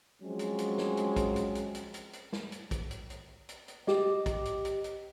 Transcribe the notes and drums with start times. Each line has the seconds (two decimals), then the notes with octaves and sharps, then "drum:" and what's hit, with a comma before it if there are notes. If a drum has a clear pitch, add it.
0.22 F3 F#3 G#3 C4 C#4
0.39 drum: hi-hat
0.58 drum: hi-hat
0.78 drum: snare
0.97 drum: hi-hat
1.16 drum: kick, hi-hat
1.36 drum: hi-hat
1.55 drum: hi-hat
1.74 drum: hi-hat
1.94 drum: hi-hat
2.13 drum: hi-hat
2.33 drum: snare
2.52 drum: hi-hat
2.71 drum: kick, hi-hat
2.91 drum: hi-hat
3.10 drum: hi-hat
3.49 drum: hi-hat
3.68 drum: hi-hat
3.87 G4 D#5, drum: snare
4.26 drum: kick, hi-hat
4.45 drum: hi-hat
4.65 drum: hi-hat
4.84 drum: hi-hat